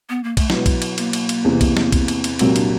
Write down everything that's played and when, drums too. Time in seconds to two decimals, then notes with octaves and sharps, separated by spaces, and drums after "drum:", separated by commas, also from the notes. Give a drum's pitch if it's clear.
0.09 B3
0.24 A#3
0.37 A3, drum: kick B1, cymbal
0.50 B2 F#3 G#3 B3 E4, drum: snare
0.66 drum: kick B1, cymbal
0.82 drum: cymbal
0.98 A#3, drum: cymbal
1.13 drum: cymbal
1.29 drum: cymbal
1.44 E2 C3 E3
1.61 drum: kick B1, cymbal
1.77 drum: snare
1.92 drum: kick B1, cymbal
2.08 drum: cymbal
2.24 drum: cymbal
2.39 C2 A#2 F#3 C4, drum: cymbal
2.56 D4, drum: cymbal